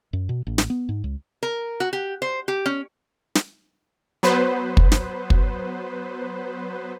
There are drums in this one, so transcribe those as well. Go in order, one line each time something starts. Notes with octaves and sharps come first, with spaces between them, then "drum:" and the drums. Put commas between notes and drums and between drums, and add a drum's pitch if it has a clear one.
F#2
B2
A1
drum: snare
B3
G#2
C#2
A#4
F#4
G4
C5
G4
C#4
drum: snare
F#3 B3 B4 C5
drum: kick
drum: snare
drum: kick